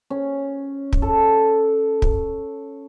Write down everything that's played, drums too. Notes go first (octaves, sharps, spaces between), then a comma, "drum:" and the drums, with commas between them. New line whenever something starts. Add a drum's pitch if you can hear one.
C#4
drum: kick
A4
drum: kick